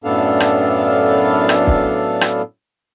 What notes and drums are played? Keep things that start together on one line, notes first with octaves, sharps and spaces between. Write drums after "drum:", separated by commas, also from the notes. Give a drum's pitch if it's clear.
F#2 A2 B3 D4 A4 F5
drum: rim click
drum: rim click
drum: kick
drum: rim click